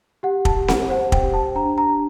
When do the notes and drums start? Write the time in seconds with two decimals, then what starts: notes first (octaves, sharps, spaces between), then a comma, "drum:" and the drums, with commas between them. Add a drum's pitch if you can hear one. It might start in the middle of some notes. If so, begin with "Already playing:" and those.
0.23 G4 F#5
0.45 A5, drum: kick
0.57 G4
0.68 F#5, drum: snare C4
0.89 C5 F#5
1.12 G5, drum: kick
1.23 G4
1.34 A5
1.55 D4 A#5
1.78 A#5
1.89 D4